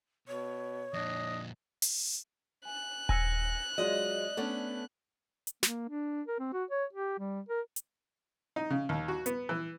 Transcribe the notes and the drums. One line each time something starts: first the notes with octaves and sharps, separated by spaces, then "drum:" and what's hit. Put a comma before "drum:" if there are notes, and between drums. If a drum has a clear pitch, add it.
B2 C#5
F2 A#2 D4 D#5
drum: open hi-hat
G#5 F#6
G#5 E6 A#6 C#7, drum: kick D#1
F#3 G#3 F4 D5 D#5
A3 B3 C#4 D4
drum: hi-hat
A#3, drum: snare
D4
A#4
C4
F#4
C#5
G4
G3
A#4
drum: hi-hat
D#4
C#3
D#2
F#4
B3, drum: hi-hat
E3